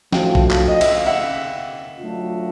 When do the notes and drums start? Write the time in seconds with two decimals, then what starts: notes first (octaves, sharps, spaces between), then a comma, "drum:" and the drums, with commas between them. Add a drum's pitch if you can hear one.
0.13 A2 F3 A3 D4 F#4 F5 G5, drum: snare
0.35 drum: kick
0.51 drum: clap
0.68 D#5
0.81 E5, drum: cymbal
0.94 F5
1.06 E5 F#5
1.99 F#3 A3 D4 F4